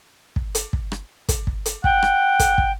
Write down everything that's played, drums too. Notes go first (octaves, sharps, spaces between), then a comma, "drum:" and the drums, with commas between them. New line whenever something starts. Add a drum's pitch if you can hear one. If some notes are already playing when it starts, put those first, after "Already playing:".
drum: kick
drum: hi-hat
drum: kick
drum: rim click
drum: kick, hi-hat
drum: kick
drum: hi-hat
F#5 G5, drum: kick
drum: rim click
drum: kick, hi-hat
drum: kick